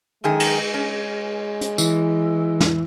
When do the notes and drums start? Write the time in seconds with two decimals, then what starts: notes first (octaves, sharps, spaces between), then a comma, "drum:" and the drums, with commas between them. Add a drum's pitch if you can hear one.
0.24 F#2 D#3 G#3 G#4
0.40 drum: cymbal
0.74 C#4
1.61 drum: hi-hat
1.78 E3, drum: tambourine
2.60 drum: snare